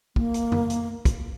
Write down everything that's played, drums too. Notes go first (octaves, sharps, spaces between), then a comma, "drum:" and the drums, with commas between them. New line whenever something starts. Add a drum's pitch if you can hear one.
A#3, drum: kick
drum: hi-hat
drum: tom F2
drum: hi-hat
drum: kick, hi-hat